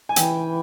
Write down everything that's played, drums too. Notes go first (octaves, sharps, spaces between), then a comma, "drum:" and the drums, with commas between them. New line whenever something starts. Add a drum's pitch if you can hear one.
G#5
E3 G5, drum: hi-hat